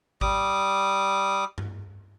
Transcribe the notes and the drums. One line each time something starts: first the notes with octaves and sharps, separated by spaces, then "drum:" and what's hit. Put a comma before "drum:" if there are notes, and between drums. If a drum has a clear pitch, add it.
G3 D6 D#6, drum: kick G#1
drum: tom G2